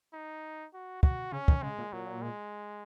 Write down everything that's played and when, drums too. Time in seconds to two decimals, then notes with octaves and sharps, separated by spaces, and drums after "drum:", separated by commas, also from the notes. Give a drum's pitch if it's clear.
0.13 D#4
0.74 F#4
1.03 F#4, drum: kick
1.32 C#3 C#4
1.48 D#3, drum: kick
1.63 C#3 G#3
1.78 A#2
1.93 A#2 F#3
2.22 G#3